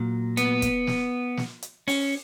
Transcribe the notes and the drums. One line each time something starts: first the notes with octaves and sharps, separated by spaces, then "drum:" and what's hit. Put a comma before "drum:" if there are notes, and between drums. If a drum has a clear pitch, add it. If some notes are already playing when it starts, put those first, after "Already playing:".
Already playing: A#2 F#3
B3, drum: hi-hat
drum: kick, hi-hat
drum: snare
drum: snare
drum: hi-hat
C#4, drum: open hi-hat